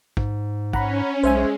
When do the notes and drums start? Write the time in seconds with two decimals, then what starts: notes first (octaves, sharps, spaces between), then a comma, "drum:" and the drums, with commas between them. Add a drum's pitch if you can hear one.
0.17 G#2, drum: kick
0.73 C#4 F#5 A#5 B5, drum: kick
1.23 B1 G#3 C5 E5 G#5